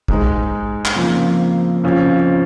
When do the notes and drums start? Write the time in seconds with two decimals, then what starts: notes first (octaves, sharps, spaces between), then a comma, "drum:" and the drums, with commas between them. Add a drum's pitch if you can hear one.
0.08 G#2 G#3 D#4, drum: kick
0.85 drum: clap
0.95 F2 C#3 F3 A#3
1.84 F2 C#3 F3 C#4